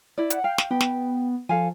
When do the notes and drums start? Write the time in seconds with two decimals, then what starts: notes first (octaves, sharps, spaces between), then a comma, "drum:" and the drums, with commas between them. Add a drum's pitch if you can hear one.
0.18 E4 D5
0.30 F#5, drum: hi-hat
0.44 F5 G5
0.58 drum: snare
0.71 B3 G4
0.81 drum: snare
1.49 F3 A4 F5 G#5